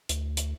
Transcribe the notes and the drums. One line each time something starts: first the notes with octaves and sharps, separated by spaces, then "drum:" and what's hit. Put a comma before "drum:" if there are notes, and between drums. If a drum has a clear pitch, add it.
D2, drum: hi-hat
drum: hi-hat